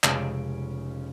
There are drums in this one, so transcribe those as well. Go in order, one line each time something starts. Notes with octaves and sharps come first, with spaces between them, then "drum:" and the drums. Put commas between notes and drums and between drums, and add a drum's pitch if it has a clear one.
F1 C#3 G#3 C#4 F5 D7, drum: clap